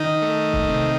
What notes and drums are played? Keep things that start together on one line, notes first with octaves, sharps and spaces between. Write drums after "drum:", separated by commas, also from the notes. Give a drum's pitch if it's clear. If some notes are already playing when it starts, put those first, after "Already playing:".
Already playing: D#3 D#4
A3
drum: kick
C3